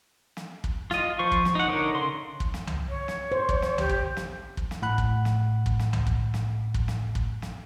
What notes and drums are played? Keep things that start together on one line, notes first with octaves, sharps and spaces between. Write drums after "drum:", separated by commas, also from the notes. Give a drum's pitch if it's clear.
drum: snare
drum: kick
F4 D#5, drum: snare
F3 C5 C#6
drum: kick
drum: snare
D#4 F#5
D3 D#4 A#4 C#5
C#3 C6
drum: kick
drum: snare
drum: tom C2
C#5
drum: snare
C5
drum: kick
drum: snare
G4, drum: tom C2
drum: kick
drum: snare
drum: kick
drum: snare
A2 F#5 B5 F#6
drum: kick
drum: snare
drum: kick
drum: snare
drum: tom C2
drum: kick
drum: snare
drum: kick
drum: snare
drum: kick
drum: snare